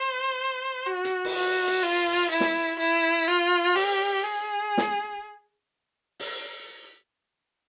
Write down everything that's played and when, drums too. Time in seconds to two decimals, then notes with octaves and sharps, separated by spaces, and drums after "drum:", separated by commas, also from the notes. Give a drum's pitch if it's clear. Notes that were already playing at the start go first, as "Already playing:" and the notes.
Already playing: C5
0.86 F#4
1.05 drum: hi-hat
1.25 drum: cymbal
1.35 F#4
1.68 drum: hi-hat
1.83 F4
2.31 E4
2.40 drum: snare
2.79 E4
3.27 F4
3.76 G4, drum: open hi-hat
4.24 G#4
4.78 drum: snare
6.20 drum: open hi-hat